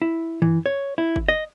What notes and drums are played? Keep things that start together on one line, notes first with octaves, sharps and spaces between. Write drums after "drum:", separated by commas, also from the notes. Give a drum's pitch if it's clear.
E4
E3, drum: tom F#2
C#5
E4
drum: kick
D#5